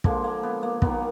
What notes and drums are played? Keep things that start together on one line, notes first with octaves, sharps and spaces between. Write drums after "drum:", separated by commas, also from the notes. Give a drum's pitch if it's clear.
D3 F3 G#3 A#3, drum: kick
A#3
B3
A#3
D#3 F#3 A#3 B3, drum: kick